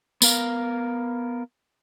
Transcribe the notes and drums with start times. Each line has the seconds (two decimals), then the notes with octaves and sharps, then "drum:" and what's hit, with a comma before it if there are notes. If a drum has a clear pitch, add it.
0.22 B3 A#4 F5, drum: tambourine